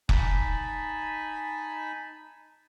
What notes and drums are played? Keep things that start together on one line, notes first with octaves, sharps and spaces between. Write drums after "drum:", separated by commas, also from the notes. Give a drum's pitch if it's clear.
D#4 G#5 A5 B5, drum: kick